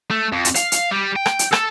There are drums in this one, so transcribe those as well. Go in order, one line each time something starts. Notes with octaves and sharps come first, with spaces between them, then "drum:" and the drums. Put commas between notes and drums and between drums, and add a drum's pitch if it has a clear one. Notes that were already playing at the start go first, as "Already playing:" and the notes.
A3
F2
drum: hi-hat
F5, drum: hi-hat
drum: hi-hat
G3
G5
drum: rim click
drum: hi-hat
A4, drum: rim click